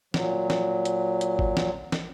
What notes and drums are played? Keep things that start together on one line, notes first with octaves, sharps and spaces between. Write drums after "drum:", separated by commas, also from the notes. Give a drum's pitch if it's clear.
A#2 F#3, drum: snare
drum: snare
drum: hi-hat
drum: hi-hat
drum: kick G#1
drum: snare
drum: snare